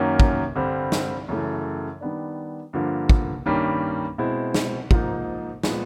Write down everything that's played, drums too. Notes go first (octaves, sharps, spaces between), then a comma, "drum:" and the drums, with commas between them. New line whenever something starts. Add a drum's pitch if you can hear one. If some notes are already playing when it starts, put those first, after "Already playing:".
Already playing: F#2 D#3 F#3 A#3 C#4
drum: kick
G2 D3 G3 C4
drum: snare
F#2 C#3 E3 A3
D#3 G3 B3 D4
G2 D3 F3 A#3
drum: kick
G2 D#3 G3 A#3 C#4
B2 G#3 C4 E4
drum: snare
G#2 F3 A#3 D#4, drum: kick
A#2 F3 G#3 B3, drum: snare